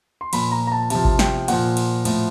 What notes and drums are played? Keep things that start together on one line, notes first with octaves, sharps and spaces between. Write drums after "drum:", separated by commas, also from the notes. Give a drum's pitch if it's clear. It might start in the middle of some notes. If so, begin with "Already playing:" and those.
C6
A#2 F3 B5, drum: cymbal
A#5
A#5
A5
C3 F3 A5, drum: cymbal
drum: kick G#1
G5, drum: snare
A#2 F3 F#5, drum: cymbal
drum: cymbal
A2 F3, drum: cymbal